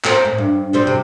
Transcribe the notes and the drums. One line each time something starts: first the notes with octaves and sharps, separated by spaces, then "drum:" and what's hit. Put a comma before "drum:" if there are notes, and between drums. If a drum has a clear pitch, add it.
C4 A#4 C5, drum: clap
A2
G2
F3 G3 C4
C3